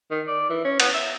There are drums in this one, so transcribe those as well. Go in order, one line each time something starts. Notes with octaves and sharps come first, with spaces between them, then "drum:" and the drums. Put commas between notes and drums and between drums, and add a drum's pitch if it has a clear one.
D#3
D5
E3
C#4
B3, drum: cymbal
E5